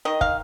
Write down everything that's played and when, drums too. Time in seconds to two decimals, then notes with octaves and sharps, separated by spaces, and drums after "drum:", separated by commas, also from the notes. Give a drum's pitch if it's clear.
0.05 D#3 D#5
0.21 F5, drum: kick